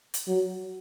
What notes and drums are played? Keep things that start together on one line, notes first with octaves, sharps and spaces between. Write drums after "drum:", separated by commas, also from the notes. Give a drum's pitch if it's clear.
drum: hi-hat
F#3